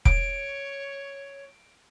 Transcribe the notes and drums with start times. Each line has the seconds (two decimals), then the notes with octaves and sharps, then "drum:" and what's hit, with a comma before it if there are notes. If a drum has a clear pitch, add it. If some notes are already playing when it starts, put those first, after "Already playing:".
0.05 C#5 D7, drum: kick